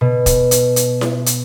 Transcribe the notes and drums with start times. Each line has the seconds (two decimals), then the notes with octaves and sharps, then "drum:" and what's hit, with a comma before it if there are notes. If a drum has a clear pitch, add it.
0.01 B2
0.26 drum: kick, hi-hat
0.51 drum: hi-hat
0.76 drum: hi-hat
1.01 drum: snare E4
1.26 drum: hi-hat